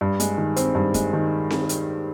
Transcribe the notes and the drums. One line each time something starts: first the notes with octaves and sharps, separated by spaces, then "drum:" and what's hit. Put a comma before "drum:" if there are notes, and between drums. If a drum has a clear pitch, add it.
G2
G#3, drum: hi-hat
D#3
C4, drum: hi-hat
G2
G#3, drum: kick, hi-hat
D#3
drum: snare C4
drum: hi-hat